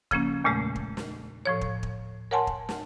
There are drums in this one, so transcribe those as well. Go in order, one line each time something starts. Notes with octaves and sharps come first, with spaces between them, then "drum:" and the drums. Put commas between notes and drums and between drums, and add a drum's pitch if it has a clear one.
C#3 F3 A#3 C#4, drum: kick
E2 A#2 C#3 G#3 A3
drum: kick
drum: snare
A2 F3 C#5
drum: kick
drum: kick
A#4 C#5 F#5 G#5 A5 C6
drum: kick
drum: snare